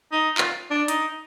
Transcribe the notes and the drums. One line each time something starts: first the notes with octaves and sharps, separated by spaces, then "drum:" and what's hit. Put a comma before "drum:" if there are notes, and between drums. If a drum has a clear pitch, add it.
D#4
F4, drum: clap
D4
D#4, drum: hi-hat